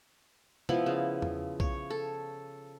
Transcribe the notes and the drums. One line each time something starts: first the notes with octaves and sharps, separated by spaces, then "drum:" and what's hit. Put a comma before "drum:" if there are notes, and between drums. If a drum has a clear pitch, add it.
F3 B3 E4, drum: tom
C#3
drum: tom E2
C#5, drum: kick B1
A4